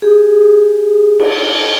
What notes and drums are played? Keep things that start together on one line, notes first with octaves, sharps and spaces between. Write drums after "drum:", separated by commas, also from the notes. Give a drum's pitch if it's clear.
G4 G#4
drum: cymbal